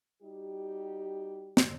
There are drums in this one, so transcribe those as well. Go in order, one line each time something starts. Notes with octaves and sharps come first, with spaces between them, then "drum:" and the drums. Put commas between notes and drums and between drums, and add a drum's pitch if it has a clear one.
G3 D#4 F#4 G4
drum: snare